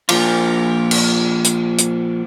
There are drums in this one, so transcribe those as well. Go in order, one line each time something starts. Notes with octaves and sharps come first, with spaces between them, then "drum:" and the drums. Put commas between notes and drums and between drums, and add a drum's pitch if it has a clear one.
A#2 F3 F4, drum: cymbal
drum: cymbal
drum: hi-hat
drum: hi-hat